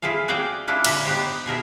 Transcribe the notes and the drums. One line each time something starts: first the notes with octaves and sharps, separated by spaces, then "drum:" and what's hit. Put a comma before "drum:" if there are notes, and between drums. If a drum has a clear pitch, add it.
E4 F4 G#4 A4 F5
F#4 G#4 D5 F5 G5
C#4 D4 E4 F4 A4
A2 D3 E4 B4 E5 A#5, drum: cymbal
B3 D#4 G4 C5 C#5
B2 G#4 A#4 E5